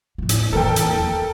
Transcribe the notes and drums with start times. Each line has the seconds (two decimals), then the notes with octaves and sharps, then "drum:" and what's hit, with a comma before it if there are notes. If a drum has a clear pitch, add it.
0.18 A2 A#3
0.29 drum: hi-hat
0.53 E2 A#3 A4 A#4 G5
0.76 drum: hi-hat
0.98 E3